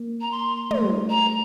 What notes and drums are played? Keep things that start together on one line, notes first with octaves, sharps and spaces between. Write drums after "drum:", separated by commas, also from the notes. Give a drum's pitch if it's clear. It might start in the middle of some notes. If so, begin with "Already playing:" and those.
Already playing: A#3
A#5
C6
A3, drum: tom
G3
A3
A#5